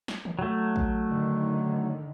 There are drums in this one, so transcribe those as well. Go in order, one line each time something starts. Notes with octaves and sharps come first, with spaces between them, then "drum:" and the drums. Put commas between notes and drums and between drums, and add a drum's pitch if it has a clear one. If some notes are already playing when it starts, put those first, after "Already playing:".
drum: snare
drum: tom
F#3 A3
drum: kick A1
D3 D#3